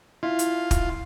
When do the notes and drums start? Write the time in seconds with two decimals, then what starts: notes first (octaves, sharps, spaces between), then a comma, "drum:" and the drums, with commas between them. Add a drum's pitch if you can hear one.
0.23 E4 F4
0.39 drum: hi-hat
0.71 drum: kick, hi-hat